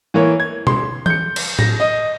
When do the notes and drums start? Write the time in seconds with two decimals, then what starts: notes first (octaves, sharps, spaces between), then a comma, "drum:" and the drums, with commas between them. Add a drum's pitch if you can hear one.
0.14 E3 A#3 C#5
0.40 G#6
0.67 C6, drum: tom
1.06 G6 C#7, drum: tom E3
1.36 drum: cymbal
1.59 A#6, drum: tom
1.80 D#5